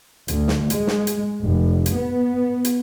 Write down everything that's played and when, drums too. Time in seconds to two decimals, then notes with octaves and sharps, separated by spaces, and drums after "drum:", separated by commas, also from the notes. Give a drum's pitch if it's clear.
0.28 D2, drum: hi-hat
0.48 drum: snare
0.70 G#3, drum: hi-hat
0.87 drum: snare
1.07 drum: hi-hat
1.42 F1
1.86 drum: hi-hat
1.95 B3
2.65 drum: hi-hat